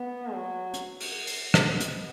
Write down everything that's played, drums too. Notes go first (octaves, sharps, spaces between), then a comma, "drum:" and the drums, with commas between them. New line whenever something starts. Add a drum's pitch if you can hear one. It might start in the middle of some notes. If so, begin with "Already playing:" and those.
Already playing: B3
F#3
drum: hi-hat
drum: open hi-hat
drum: open hi-hat
B3, drum: rim click
drum: hi-hat